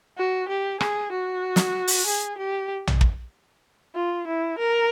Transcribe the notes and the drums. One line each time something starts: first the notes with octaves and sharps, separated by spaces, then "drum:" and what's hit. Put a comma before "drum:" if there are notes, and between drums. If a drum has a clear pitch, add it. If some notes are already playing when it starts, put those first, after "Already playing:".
F#4
G4
G#4, drum: rim click
F#4
drum: snare
drum: open hi-hat
G#4
G4
drum: tom A#1
drum: kick
F4
E4
A#4